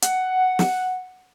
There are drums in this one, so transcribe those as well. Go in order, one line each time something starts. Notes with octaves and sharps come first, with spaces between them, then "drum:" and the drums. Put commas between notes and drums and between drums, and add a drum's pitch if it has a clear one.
F#5, drum: hi-hat
drum: snare